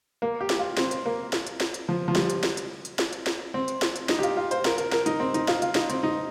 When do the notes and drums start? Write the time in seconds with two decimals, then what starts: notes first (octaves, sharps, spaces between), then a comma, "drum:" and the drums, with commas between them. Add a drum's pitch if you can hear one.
0.22 A#3
0.41 G4
0.50 drum: snare
0.59 F4
0.77 C4, drum: snare
0.91 drum: hi-hat
1.06 A#3
1.33 drum: snare
1.47 drum: hi-hat
1.60 drum: snare
1.74 drum: hi-hat
1.89 F3
2.08 F3
2.15 G3, drum: snare
2.30 drum: hi-hat
2.43 drum: snare
2.57 drum: hi-hat
2.85 drum: hi-hat
2.99 drum: snare
3.13 drum: hi-hat
3.26 drum: snare
3.54 C4
3.68 drum: hi-hat
3.82 drum: snare
3.96 drum: hi-hat
4.09 D#4, drum: snare
4.19 G4
4.23 F4, drum: hi-hat
4.37 F4
4.51 C5, drum: hi-hat
4.65 A#4, drum: snare
4.78 A#4, drum: hi-hat
4.92 A#4, drum: snare
5.06 D#4, drum: hi-hat
5.20 C4
5.34 D#4, drum: hi-hat
5.48 F4, drum: snare
5.62 F4, drum: hi-hat
5.75 D#4, drum: snare
5.90 C4, drum: hi-hat
6.03 D#4